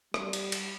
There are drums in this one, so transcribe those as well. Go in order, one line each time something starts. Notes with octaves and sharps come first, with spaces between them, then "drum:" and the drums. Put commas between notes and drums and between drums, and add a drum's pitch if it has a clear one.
G3, drum: rim click
drum: cymbal
drum: cymbal